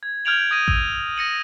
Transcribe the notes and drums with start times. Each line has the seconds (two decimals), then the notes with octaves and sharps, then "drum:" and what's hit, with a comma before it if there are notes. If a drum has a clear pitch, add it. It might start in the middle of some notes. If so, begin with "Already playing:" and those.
0.03 G#6
0.25 F6 G6 G#6 D7 F7 F#7
0.51 D#6 G#6 A#6 D#7
0.68 E6, drum: kick A1
1.17 A#6 C#7 D#7 F#7